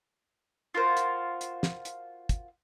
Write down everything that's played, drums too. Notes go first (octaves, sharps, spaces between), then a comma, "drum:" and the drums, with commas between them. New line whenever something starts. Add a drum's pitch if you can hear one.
F4 F#4 A#4 C5
drum: hi-hat
drum: hi-hat
drum: snare
drum: hi-hat
drum: kick, hi-hat